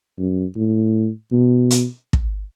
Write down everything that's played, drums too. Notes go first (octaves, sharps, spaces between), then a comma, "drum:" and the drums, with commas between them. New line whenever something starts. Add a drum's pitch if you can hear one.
F#2
A2
B2
drum: hi-hat
drum: kick